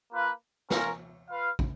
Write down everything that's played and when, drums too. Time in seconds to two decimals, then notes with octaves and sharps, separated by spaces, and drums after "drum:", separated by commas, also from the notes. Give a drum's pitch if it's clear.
0.11 A#3 F4 B4
0.70 C#4 F4 A#4, drum: snare
1.30 F4 B4 F5
1.59 drum: kick